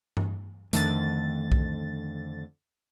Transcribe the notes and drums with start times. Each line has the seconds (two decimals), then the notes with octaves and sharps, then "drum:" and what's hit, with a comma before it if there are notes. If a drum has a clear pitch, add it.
0.17 drum: tom G2
0.73 F2 D3 D#3 A3 A6, drum: hi-hat
1.52 drum: kick B1